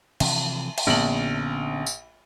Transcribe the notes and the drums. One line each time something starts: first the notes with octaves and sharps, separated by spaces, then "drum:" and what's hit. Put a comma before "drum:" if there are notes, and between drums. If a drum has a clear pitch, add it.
C3 E3 F3, drum: cymbal
drum: cymbal
A#1 D3 B3 C#4 F#7
drum: tambourine